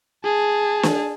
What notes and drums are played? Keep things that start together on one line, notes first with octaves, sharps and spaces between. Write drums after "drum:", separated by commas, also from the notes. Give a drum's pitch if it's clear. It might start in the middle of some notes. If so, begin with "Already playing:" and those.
G#4 A5
drum: snare